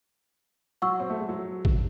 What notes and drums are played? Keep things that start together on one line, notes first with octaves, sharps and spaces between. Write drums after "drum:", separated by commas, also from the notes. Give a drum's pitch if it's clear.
F#3 F#5 C#6 E6
C4
A3
G#3
F#3
drum: kick A1